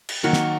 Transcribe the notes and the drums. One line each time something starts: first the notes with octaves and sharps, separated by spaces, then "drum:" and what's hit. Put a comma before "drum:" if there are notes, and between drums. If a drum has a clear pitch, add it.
drum: cymbal
D#3 F#3 A#3 F#4
drum: snare